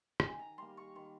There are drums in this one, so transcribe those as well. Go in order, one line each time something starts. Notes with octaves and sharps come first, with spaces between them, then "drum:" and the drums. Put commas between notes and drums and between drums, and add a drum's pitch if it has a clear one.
D#3 G#5, drum: rim click
A#5
G3 A#3 C6
C#6
D#3 C6